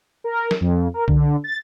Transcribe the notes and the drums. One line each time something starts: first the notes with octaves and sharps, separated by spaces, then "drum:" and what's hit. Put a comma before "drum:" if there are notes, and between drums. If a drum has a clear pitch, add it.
A#4
drum: snare
F2
A#4
D3, drum: kick B1
A6